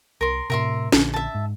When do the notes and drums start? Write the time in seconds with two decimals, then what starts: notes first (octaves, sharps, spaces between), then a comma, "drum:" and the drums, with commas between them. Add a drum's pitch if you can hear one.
0.21 C2 A#4 C6
0.50 A2 C3 A#4 E5 C6
0.92 A#1 D3, drum: snare
1.14 E5 A5
1.35 G#2